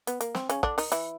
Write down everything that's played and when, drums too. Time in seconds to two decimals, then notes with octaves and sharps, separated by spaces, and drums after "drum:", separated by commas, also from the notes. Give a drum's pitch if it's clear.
0.07 B3, drum: hi-hat
0.21 A#3, drum: hi-hat
0.35 C4, drum: snare
0.49 C#3 C#4, drum: hi-hat
0.63 D3 D4, drum: kick
0.78 D#3 D#4, drum: open hi-hat
0.92 E3 E4, drum: hi-hat